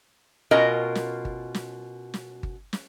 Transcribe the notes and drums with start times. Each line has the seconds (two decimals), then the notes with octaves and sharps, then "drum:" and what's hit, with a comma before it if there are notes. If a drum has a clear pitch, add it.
0.51 B2 C#4 F4 A#4 D#5
0.95 drum: snare
1.25 drum: kick G1
1.54 drum: snare
2.14 drum: snare
2.43 drum: kick G1
2.73 drum: snare